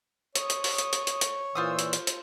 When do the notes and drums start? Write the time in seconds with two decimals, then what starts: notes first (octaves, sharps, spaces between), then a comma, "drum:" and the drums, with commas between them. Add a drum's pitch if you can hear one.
0.35 C#5 D#6, drum: hi-hat
0.50 drum: hi-hat
0.64 drum: open hi-hat
0.78 drum: hi-hat
0.93 drum: hi-hat
1.07 drum: hi-hat
1.21 drum: hi-hat
1.55 A#2 E3 F4 C5 D#6 E6
1.79 drum: hi-hat
1.93 drum: hi-hat
2.07 drum: hi-hat